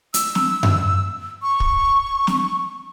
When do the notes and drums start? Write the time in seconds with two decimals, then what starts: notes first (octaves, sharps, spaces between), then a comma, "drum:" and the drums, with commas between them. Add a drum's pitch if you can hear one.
0.14 E6, drum: hi-hat
0.35 drum: snare
0.63 drum: tom F#2
1.42 C#6
1.60 drum: kick
2.27 drum: snare